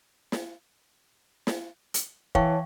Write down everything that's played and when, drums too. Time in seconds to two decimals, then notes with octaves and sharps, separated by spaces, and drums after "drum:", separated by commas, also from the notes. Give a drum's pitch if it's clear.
0.32 drum: snare
1.47 drum: snare
1.94 drum: hi-hat
2.35 E3 C#5 F5 G5 A5 C#6, drum: kick